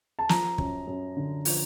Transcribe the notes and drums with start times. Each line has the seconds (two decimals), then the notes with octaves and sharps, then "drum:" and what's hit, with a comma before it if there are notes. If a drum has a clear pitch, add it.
0.19 A5
0.29 F3 A#5, drum: snare
0.58 F#2, drum: kick
0.87 F#2
1.17 D3
1.45 F3, drum: open hi-hat